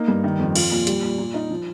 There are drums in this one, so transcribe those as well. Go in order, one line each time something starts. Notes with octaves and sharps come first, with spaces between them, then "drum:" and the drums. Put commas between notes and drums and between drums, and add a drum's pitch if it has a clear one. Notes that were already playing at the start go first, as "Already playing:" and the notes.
Already playing: A#3 D#4
G2
D#3
F2
F4, drum: cymbal
A#2
G3, drum: hi-hat
A#2
A#2
D#4
F3